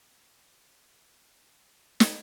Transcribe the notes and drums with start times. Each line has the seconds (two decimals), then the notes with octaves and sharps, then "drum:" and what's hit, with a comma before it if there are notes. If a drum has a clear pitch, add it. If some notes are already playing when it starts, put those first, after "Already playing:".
0.25 B2 D6 E6
0.45 G3
0.66 B2
0.87 D3
1.02 C#6 D#6
1.08 F2
1.18 C6 D6
1.33 B5 C#6
2.00 drum: snare